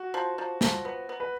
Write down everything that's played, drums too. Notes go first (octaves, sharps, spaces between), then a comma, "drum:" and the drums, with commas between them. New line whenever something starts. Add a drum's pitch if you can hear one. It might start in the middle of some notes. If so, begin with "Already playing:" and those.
Already playing: F#4
F3
F3
F3, drum: snare
B3
B3
B4